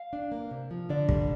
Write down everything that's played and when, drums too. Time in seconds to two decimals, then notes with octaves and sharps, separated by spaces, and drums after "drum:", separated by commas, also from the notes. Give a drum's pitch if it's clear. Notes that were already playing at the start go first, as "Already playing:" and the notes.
Already playing: F5
0.13 D4
0.32 A#3
0.51 C3
0.71 F3
0.90 D3 D5
1.09 G3, drum: kick